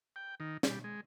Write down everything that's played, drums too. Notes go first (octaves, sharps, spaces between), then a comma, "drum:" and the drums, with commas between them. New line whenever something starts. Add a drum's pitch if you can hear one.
G5
D#3
G3, drum: snare
G#3